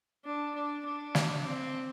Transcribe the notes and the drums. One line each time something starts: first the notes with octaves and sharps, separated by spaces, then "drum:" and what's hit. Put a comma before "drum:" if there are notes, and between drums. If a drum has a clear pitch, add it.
D4
D4
D4
drum: snare
C4